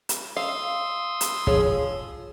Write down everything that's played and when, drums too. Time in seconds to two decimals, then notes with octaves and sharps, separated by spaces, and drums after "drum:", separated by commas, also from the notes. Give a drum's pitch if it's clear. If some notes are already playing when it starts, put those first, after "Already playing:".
0.09 drum: hi-hat
0.37 F5 C6 D#6 E6
1.21 drum: hi-hat
1.47 F3 G#4 C#5, drum: kick